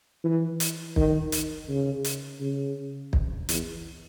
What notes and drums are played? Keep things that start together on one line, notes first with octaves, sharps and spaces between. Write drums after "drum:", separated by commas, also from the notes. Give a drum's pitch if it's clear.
E3
drum: hi-hat
D#3, drum: kick
drum: hi-hat
C#3
drum: hi-hat
C#3
drum: kick
E2, drum: hi-hat